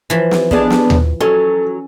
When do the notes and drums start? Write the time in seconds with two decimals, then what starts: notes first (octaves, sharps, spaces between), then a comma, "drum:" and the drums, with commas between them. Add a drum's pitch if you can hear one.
0.10 E3 F3
0.31 drum: snare
0.51 B3 D4 G#4, drum: kick
0.70 drum: snare
0.90 drum: tom D#2
1.20 F#3 C#4 A4